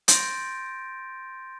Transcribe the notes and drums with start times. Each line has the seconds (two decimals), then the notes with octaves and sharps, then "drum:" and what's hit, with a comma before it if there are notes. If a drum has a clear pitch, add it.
0.08 C6 G6 A6 A#6 D7, drum: hi-hat